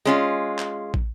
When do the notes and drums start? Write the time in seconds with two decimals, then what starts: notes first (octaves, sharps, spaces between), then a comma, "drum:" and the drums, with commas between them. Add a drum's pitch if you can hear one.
0.05 G#3 C#4 F4
0.58 drum: clap
0.94 drum: kick